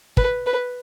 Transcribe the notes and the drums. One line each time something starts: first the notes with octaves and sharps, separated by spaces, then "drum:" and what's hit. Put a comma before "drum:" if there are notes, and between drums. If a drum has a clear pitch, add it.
B4, drum: kick
B4